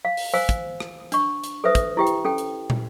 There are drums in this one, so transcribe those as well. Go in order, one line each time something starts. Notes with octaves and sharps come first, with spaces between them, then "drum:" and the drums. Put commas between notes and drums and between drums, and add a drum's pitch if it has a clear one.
F5
drum: open hi-hat
C5 F5 G#5 E6
drum: kick, hi-hat
drum: rim click
D4 C#6, drum: hi-hat
drum: hi-hat
A4 B4 C5 E5 D#6
drum: kick, hi-hat
E4 G4 G5
drum: hi-hat
C#4 A4 G5
drum: hi-hat
drum: tom